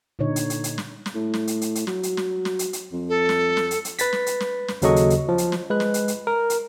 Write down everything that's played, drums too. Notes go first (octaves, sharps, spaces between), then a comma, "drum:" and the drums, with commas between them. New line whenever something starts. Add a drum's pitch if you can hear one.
A#2 D3 D#4 C#5
drum: hi-hat
drum: hi-hat
drum: hi-hat
drum: snare
drum: snare
A2
drum: snare
drum: hi-hat
drum: hi-hat
drum: hi-hat
F#3, drum: snare
drum: hi-hat
drum: snare
drum: snare
drum: hi-hat
drum: hi-hat
F2
A4
drum: snare
drum: snare
drum: hi-hat
drum: hi-hat
B4 A6 B6, drum: hi-hat
drum: snare
drum: hi-hat
drum: snare
drum: snare
D#2 C#3 F#3 A4 D#5 C#6, drum: hi-hat
drum: hi-hat
drum: hi-hat
F3
drum: hi-hat
drum: snare
G#3 B4 F#6
drum: snare
drum: hi-hat
drum: hi-hat
A#4
drum: hi-hat